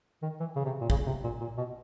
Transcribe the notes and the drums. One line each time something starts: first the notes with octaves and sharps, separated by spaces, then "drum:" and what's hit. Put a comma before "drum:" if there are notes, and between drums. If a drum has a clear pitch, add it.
D#3
E3
C#3
C3
A#2
C#3, drum: kick
C3
A#2
A#2
B2